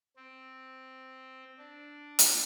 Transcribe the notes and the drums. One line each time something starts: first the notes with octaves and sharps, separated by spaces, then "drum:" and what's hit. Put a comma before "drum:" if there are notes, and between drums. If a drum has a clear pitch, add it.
C4
D4
drum: hi-hat